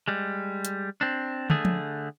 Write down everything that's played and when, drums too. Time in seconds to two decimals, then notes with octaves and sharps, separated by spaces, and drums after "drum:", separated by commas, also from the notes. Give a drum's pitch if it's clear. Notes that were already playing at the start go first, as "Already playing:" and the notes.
0.08 G3 G#3
0.65 drum: hi-hat
1.01 C4 D4
1.50 D3 A3 G#4, drum: tom
1.65 drum: tom